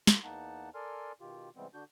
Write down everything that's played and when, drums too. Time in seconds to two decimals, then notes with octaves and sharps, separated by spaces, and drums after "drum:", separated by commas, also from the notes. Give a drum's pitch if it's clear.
0.07 F4 A4, drum: snare
0.24 E2 A#3 D#4 F#5 A5
0.75 A4 A#4 D5 G#5 C6 F6
1.21 B2 D#3 F4 G4
1.56 C3 E3 G3 G#3 B3 C4
1.74 D3 D4 F#4 G6